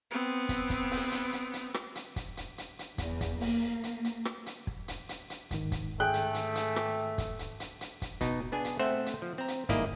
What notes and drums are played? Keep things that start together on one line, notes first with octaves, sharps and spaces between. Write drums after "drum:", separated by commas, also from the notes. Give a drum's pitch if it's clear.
B3 C4
drum: kick, hi-hat
drum: kick, hi-hat
drum: open hi-hat
drum: hi-hat
drum: hi-hat
drum: hi-hat
drum: rim click
drum: hi-hat
drum: kick, hi-hat
drum: hi-hat
drum: hi-hat
drum: hi-hat
E2, drum: kick, hi-hat
drum: kick, hi-hat
A#3, drum: open hi-hat
drum: hi-hat
drum: hi-hat
drum: rim click
drum: hi-hat
drum: kick
drum: hi-hat
drum: hi-hat
drum: hi-hat
G#2 D#3, drum: kick, hi-hat
drum: kick, hi-hat
A3 G#4 G5 F#6
drum: hi-hat
drum: hi-hat
drum: hi-hat
drum: rim click
drum: kick, hi-hat
drum: hi-hat
drum: hi-hat
drum: hi-hat
drum: kick, hi-hat
B2 D#4, drum: kick, hi-hat
B3 D4 G#4 G#5
drum: hi-hat
A3 C4 C5 E5 F#5
drum: hi-hat
F3
C4 A#5
drum: hi-hat
G1 G#2 A#3 E4 D5 D#5, drum: kick, hi-hat